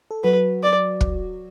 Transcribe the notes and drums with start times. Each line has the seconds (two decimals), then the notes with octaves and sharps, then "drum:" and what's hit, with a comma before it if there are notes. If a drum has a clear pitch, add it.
0.11 A4
0.24 F#3 F#4 B4
0.63 D5
1.01 drum: kick